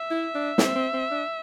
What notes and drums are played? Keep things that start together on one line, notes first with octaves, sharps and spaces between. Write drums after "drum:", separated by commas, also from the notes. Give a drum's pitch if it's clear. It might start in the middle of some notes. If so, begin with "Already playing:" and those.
Already playing: E5
E4
D4
C4, drum: snare
C4
C4
D4